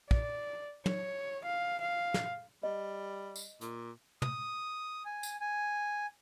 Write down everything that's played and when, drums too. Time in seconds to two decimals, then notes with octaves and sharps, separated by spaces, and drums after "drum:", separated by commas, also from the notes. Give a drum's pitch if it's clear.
0.11 D5, drum: kick
0.86 C#5, drum: tom
1.44 F5
1.81 F5
2.14 drum: snare
2.63 G3 D#5
3.36 drum: tambourine
3.61 A#2, drum: hi-hat
4.22 D#6, drum: tom
5.05 G#5
5.23 drum: tambourine
5.40 G#5